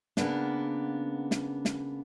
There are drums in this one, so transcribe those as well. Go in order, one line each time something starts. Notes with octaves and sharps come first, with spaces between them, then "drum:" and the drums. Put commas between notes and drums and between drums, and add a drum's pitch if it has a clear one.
C#3 A#3 B3 D4, drum: snare
drum: snare
drum: snare